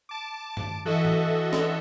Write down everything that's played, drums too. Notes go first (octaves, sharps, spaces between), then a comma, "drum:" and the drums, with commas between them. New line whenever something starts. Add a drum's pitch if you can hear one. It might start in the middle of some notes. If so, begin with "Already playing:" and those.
A5 D6
drum: tom G2
E3 F#4 A4 D#5 E5
drum: tom G#2
drum: snare